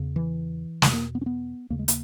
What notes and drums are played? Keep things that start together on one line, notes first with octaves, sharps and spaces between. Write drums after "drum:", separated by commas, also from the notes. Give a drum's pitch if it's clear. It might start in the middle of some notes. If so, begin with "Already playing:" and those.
Already playing: E2 C#3
E3
E2 B2 G#3, drum: snare
A#3
B3
C#4
B3
D#2 C#3 A#3
G#3
A#3, drum: hi-hat